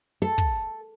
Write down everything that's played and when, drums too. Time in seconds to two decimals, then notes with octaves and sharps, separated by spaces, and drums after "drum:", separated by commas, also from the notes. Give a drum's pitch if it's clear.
0.22 A4
0.38 drum: kick